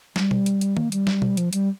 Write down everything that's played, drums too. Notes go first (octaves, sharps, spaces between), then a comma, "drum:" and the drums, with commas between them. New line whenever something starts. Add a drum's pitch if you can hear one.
G3, drum: snare
drum: tom B2
drum: hi-hat
drum: hi-hat
A#3, drum: tom D#3
G3, drum: hi-hat
drum: snare
drum: tom B2
F3, drum: hi-hat
G3, drum: hi-hat